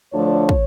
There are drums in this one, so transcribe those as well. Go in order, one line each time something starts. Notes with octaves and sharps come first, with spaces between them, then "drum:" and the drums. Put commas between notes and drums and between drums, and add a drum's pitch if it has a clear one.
D2 D3 F3 A3 D4 C#5
drum: kick